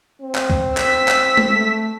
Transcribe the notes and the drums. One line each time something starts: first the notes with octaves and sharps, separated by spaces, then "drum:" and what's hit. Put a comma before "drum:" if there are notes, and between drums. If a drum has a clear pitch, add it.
C4
drum: clap
drum: kick C2
E6 B6, drum: clap
drum: clap
drum: tom G#3
A3